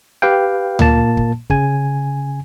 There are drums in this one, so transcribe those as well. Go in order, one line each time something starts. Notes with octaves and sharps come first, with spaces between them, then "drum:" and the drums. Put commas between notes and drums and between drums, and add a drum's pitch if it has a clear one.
G4 B4 F5 G5
A#2 A#3 A5, drum: tom D2
drum: kick
C#3 G#5, drum: kick